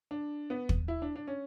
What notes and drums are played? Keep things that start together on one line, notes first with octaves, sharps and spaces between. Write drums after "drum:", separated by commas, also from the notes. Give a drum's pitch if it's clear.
D4
B3
drum: kick
E4
D4
D4
C#4